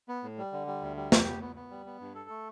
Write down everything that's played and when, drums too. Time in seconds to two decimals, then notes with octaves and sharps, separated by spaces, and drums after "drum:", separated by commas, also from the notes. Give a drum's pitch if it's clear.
0.09 B3
0.23 A2
0.38 G3
0.52 D3
0.67 G3
0.82 D2
0.97 G3
1.12 G4, drum: snare
1.27 B3
1.41 B3
1.56 B3
1.71 G3
1.86 B3
2.00 G2
2.15 A4
2.30 A3